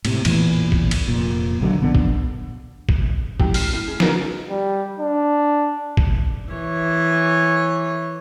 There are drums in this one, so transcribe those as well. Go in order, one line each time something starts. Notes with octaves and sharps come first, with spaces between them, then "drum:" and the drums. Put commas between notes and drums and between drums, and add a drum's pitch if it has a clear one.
A2 C3, drum: cymbal
A1 E2 A#2 E3, drum: cymbal
drum: kick
drum: cymbal
F1 A#2
B1 D3 F#3
A#1 D3 B3
drum: kick
drum: kick
A2 F#3 G4, drum: kick
F6 C7 E7, drum: open hi-hat
A2
G#4
B3 C#4 D#4 F4 F#4 A#4, drum: snare
G3
D4
drum: kick
E3 C#5